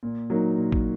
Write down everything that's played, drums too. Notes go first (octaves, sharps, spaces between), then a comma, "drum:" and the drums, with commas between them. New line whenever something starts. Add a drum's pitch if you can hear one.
A#2
F#3 A#3 D#4
A#2
drum: kick